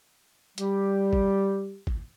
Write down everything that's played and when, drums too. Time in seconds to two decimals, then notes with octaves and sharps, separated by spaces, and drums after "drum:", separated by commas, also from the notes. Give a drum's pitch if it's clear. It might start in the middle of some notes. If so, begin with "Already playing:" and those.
0.58 G3 G4, drum: hi-hat
1.13 drum: kick
1.87 drum: kick